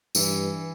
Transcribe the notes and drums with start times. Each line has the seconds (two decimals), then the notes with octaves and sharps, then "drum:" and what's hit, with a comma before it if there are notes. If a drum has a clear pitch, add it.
0.15 G2 E3, drum: tambourine